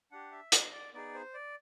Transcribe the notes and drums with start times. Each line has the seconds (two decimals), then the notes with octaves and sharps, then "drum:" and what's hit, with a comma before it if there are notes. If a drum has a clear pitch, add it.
0.11 D4 G4 F#5
0.32 E5
0.52 D#5, drum: hi-hat
0.72 D5
0.94 B3 D#4 G#4 D5
1.15 C5
1.34 D5